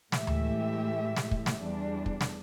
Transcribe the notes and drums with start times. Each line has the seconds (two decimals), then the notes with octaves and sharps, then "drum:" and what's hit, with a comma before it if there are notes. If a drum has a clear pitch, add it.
0.12 A2 E3 G#3 A3 G4 E5, drum: snare
0.27 drum: tom D2
1.16 drum: snare
1.31 drum: kick
1.46 drum: snare
1.58 E2 G3 D4
2.06 drum: kick
2.21 drum: snare